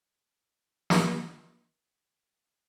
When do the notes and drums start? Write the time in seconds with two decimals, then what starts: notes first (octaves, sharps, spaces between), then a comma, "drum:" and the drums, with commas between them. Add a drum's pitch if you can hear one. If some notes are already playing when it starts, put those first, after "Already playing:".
0.06 F4 A5
0.49 C4 F#5
0.90 drum: snare
2.18 E3 G3